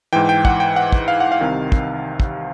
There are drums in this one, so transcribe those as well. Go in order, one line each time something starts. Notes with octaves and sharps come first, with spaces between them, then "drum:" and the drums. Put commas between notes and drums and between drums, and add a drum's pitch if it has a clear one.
G#2 E3 G5
G5
F#5, drum: kick
G5
F#5
drum: kick
F5
F#5
F5
C2 C3 D#3
drum: kick
drum: kick